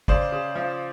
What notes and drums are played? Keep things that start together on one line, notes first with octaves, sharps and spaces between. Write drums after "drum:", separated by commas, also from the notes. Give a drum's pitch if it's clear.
C#3 C5 D5, drum: kick
C#3
F3